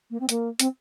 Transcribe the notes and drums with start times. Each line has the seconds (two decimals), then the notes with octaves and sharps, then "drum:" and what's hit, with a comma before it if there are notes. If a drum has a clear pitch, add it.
0.11 A#3
0.20 C4
0.29 A#3, drum: hi-hat
0.59 C4, drum: hi-hat